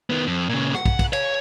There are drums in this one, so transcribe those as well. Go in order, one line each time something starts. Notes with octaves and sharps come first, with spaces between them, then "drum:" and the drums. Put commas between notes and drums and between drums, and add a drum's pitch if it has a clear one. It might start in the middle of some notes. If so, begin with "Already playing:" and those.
D#3 B3
F2
A#2 C#3
F#5, drum: rim click
drum: kick, cymbal
drum: kick, cymbal
C#5, drum: cymbal